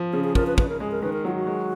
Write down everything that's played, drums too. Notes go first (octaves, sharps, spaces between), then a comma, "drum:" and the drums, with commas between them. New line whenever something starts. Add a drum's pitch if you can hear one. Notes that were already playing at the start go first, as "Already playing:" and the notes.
Already playing: F3
C#3 G#4
G#4
F3 A#4, drum: kick
B4
C#3 B4, drum: kick
A#4
G#3 G#4
A#4
D#3 B4
A#4
F#3 F4
F#4
G#3